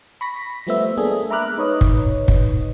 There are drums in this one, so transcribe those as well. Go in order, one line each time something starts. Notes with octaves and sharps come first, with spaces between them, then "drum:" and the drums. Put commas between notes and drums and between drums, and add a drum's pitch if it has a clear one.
B5 C#6 A#6 B6
F3 G3 A3 B3 C5 E5
G#3 A#3 B3 D4 G#4 A4
E5 A#5 B5 D6 F6 F#6
D#4 B4 C#5 D#5
drum: kick
drum: kick